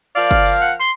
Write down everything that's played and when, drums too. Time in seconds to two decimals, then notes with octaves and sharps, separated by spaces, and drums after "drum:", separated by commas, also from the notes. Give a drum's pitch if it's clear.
0.16 F3 A#4 D5 F5
0.31 drum: kick G1
0.46 drum: open hi-hat
0.61 F#5
0.80 C6